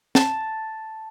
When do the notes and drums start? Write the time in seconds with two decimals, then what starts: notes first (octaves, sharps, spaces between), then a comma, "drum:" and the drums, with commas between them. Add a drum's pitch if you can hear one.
0.15 A5, drum: snare